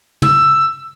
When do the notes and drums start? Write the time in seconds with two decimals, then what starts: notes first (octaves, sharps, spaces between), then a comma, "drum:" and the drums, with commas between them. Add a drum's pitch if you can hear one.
0.22 E6, drum: tom